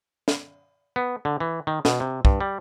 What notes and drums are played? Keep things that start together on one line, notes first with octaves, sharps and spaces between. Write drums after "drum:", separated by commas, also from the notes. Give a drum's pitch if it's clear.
drum: snare
B3
D3
E3
D#3
B2, drum: snare
C3
G2, drum: kick
G3